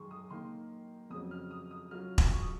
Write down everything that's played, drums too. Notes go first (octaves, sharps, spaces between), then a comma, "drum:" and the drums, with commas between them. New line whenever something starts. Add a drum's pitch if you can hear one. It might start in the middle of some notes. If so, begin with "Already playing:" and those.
Already playing: F#2 D#3 G#3 C6 C#6
D#6
D#3 A#3 D#4 C6
F2 C#3 F#3 D#6
F6
D#6
D#6
C#3 F#3 C#4 F4 F6
drum: kick E1
C#6
D#6